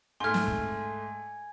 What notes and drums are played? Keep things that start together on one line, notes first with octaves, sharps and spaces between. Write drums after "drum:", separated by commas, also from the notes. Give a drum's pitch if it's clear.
G#2 A3 G#5 C6 F6 G#6
drum: snare
drum: kick